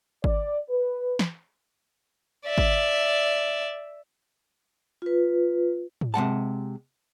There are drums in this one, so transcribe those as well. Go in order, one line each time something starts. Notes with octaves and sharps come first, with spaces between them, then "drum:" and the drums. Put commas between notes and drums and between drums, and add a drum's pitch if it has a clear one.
D5, drum: kick G#1
B4
drum: snare
D5 E5
drum: kick G#1
F4 B4
drum: tom
C3 G#3 F#5 A5